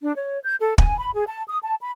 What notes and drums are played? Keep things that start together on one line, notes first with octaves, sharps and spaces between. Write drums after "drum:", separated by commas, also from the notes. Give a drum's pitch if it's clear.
D4
C#5
G6
A4
G#5, drum: kick
B5
G#4
A5
D#6
A5
B5